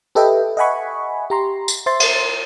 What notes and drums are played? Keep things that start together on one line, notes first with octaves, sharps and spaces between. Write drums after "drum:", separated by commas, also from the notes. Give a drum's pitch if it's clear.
G4 A4 B4 D#5 E5 G5
D#5 E5 F#5 G#5 B5 C#6
G4 A#5 C6
drum: tambourine
C5 E5 C6 A6
drum: cymbal